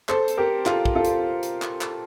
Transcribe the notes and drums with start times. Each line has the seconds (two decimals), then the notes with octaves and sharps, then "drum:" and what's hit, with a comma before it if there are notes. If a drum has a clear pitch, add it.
0.09 A4 C5, drum: clap
0.28 drum: hi-hat
0.37 G4 A#4
0.66 F4 A4, drum: clap
0.85 drum: kick
0.95 F4 A4
1.05 drum: hi-hat
1.43 drum: hi-hat
1.62 drum: clap
1.81 drum: clap